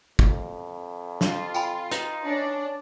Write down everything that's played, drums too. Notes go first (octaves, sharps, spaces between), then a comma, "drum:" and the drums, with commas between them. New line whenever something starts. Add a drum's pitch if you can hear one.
F2, drum: kick
F4, drum: snare
G5 G#5 B5, drum: tambourine
D#4 B4, drum: hi-hat
C#4 D4